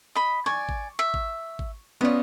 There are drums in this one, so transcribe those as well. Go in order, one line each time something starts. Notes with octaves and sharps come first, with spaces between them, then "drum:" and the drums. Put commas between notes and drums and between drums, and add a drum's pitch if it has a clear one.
D#5 B5
D5 G#5 C#6
drum: kick G#1
E5
drum: kick G#1
drum: kick G#1
B3 C#4 F4 D5 D#5